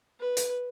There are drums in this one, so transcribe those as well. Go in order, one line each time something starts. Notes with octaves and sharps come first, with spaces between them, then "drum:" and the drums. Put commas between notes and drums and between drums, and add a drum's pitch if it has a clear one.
B4
drum: hi-hat